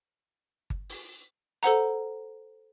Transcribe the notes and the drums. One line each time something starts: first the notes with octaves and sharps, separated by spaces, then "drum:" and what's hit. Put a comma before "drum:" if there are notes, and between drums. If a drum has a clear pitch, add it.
drum: kick G1
drum: open hi-hat
A4 C5 F#5 A#5, drum: hi-hat